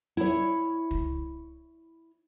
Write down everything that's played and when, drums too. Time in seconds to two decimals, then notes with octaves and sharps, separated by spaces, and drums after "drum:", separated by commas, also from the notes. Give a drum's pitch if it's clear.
0.17 E4 C#5
0.91 drum: kick